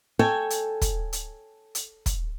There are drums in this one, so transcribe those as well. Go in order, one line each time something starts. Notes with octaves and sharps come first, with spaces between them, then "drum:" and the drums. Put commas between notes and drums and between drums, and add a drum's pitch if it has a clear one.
A4 C#5 G5 G#5
drum: hi-hat
drum: kick, hi-hat
drum: hi-hat
drum: hi-hat
drum: kick, hi-hat